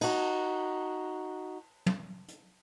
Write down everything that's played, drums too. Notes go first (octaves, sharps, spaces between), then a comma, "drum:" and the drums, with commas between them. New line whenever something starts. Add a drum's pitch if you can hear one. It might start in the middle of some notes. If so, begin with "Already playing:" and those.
D#4 F#4, drum: cymbal
drum: tom
drum: hi-hat